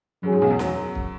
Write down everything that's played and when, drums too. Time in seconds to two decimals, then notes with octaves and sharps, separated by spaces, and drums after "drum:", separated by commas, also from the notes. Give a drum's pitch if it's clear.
0.23 F#2 F#3 C#4 G#4
0.32 G#2
0.41 B1 B2
0.50 E2 E3
0.59 F#2 F#3, drum: snare
0.95 drum: kick